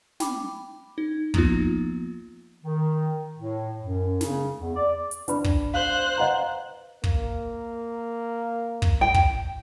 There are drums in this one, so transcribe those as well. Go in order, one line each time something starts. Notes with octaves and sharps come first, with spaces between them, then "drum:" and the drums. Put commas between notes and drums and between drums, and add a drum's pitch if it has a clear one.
G5 B5 D6, drum: snare
D#4
F3 A#3 B3 D#4 F4, drum: kick
D#3
A2
F#2
C#3, drum: snare
E2
D5
drum: hi-hat
C#4 D4 B4 B5, drum: hi-hat
drum: kick
C5 F5 F#6
B4 D#5 F5 F#5 A#5
A#3, drum: kick
drum: kick
G5
drum: kick